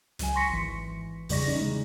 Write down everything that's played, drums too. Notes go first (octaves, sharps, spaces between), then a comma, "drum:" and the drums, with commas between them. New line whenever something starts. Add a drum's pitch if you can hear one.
C#2 F#3 G#5, drum: hi-hat
C6 C#6 A#6 B6 C#7
G#1 E3
E2 C#3 G3 D5 C#6 A#6, drum: open hi-hat
E3 C#4 D#4
C#3 E3 G#3